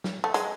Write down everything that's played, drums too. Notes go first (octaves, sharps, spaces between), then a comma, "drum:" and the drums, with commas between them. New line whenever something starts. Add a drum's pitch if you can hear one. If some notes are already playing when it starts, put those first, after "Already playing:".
drum: snare
A3
G#3, drum: hi-hat